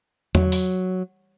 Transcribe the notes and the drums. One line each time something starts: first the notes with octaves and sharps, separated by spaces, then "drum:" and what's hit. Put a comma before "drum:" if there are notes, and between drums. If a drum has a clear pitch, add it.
F#3, drum: tom E2
drum: open hi-hat